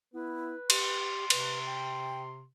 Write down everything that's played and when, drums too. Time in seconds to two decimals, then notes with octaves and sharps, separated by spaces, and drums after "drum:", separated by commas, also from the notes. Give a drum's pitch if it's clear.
0.14 B3 E4 B4
0.70 G4 C6, drum: cymbal
1.30 C3 B4, drum: cymbal
1.66 G5